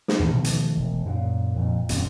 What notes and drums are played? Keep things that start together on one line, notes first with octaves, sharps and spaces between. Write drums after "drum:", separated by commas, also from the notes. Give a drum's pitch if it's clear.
drum: snare
D#2 E3 C#4
B2 D#3 F3 A3
drum: hi-hat
E1
F#2 A#2
F2 A#2
D#1 F#2 C4 C#4, drum: hi-hat